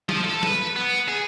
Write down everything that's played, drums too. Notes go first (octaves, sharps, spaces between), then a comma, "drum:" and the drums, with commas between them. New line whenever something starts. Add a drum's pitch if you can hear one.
F3, drum: snare
A4
B4, drum: snare
B3
G#4